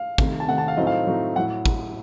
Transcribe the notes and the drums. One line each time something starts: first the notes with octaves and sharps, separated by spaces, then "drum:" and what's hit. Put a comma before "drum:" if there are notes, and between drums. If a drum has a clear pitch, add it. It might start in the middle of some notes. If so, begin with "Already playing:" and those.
Already playing: F5
C3 D#3 A3, drum: kick
A5
C3 D#3 A3 F#5
A5
F5
A2 F#3 A3 C4 D#4 D#5
F5
A2 F#3 A3 C4 D#4
A2 F#3 F#5
drum: kick